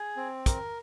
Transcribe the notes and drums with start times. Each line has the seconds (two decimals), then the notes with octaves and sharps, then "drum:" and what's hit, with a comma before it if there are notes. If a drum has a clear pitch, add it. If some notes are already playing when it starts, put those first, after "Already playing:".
Already playing: G#4
0.17 C4
0.46 A#4, drum: kick, hi-hat